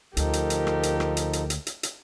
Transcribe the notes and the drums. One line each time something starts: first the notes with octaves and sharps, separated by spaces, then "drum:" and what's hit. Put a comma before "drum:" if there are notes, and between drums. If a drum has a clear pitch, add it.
D2 F3 D#4 G4 A4 A#4, drum: hi-hat
drum: hi-hat
drum: hi-hat
drum: rim click
drum: hi-hat
drum: rim click
drum: hi-hat
drum: hi-hat
drum: hi-hat
drum: hi-hat
drum: hi-hat